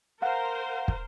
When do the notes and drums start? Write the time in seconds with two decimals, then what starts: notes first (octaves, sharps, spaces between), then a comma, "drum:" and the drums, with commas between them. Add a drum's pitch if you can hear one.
0.22 A#4 C5 F5 F#5
0.88 drum: kick